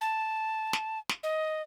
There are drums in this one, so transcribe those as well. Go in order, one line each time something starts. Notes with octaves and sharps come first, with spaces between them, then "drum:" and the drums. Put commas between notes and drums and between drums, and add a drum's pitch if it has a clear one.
A5
drum: snare
drum: snare
D#5